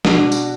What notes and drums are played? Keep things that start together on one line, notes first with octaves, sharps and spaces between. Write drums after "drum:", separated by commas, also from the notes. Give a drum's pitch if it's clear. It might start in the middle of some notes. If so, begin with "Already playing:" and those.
B2 D4 F#4, drum: snare
drum: tambourine